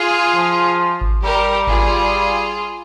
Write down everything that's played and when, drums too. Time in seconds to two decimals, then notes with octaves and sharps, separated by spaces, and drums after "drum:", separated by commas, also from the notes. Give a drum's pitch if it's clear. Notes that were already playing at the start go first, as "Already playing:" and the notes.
Already playing: F4 G#4
0.35 F3
1.01 drum: kick G#1
1.23 G3 G4 A#4
1.67 F4 G#4, drum: kick G#1